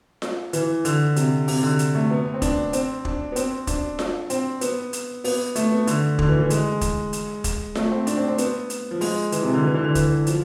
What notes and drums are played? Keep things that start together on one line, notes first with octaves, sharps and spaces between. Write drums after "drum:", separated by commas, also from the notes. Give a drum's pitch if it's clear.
drum: snare F4
E3, drum: hi-hat
D3, drum: hi-hat
C3, drum: hi-hat
C3, drum: open hi-hat
D3
drum: hi-hat
A3
B3
C4
D4, drum: kick, hi-hat
C4, drum: hi-hat
D4, drum: kick
B3
C4, drum: hi-hat
D4, drum: kick, hi-hat
drum: snare F4
C4, drum: hi-hat
B3, drum: hi-hat
drum: hi-hat
B3, drum: open hi-hat
A3, drum: hi-hat
B3
D3, drum: hi-hat
D3, drum: kick
E3
E3
G#3, drum: hi-hat
drum: kick, hi-hat
drum: hi-hat
drum: kick, hi-hat
A3, drum: snare F4
C4
D4, drum: hi-hat
C4
C4
B3, drum: hi-hat
drum: hi-hat
F3
G#3, drum: open hi-hat
E3, drum: hi-hat
C3
D3
E3
D3
D3
E3, drum: kick, hi-hat
F3, drum: hi-hat